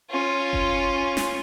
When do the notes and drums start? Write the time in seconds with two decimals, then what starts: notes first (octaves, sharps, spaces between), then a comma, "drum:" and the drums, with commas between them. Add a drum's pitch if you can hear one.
0.11 C#4 F4
0.53 drum: kick F#1
1.17 drum: snare